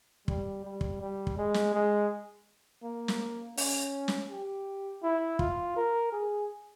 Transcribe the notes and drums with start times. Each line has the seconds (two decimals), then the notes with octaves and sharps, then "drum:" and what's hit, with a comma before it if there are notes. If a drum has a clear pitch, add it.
0.28 G3, drum: kick
0.65 G3
0.81 drum: kick
1.01 G3
1.27 drum: kick
1.38 G#3
1.54 drum: snare
1.74 G#3
2.83 A#3
3.08 drum: snare
3.57 C#4, drum: open hi-hat
4.08 drum: snare
4.30 G4
5.03 E4
5.39 F4, drum: kick
5.76 A#4
6.12 G#4